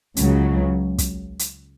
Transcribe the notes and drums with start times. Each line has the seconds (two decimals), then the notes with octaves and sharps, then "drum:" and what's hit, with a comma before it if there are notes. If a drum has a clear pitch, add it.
0.17 C#2 C#3 F#3, drum: hi-hat
0.98 drum: kick, hi-hat
1.39 drum: hi-hat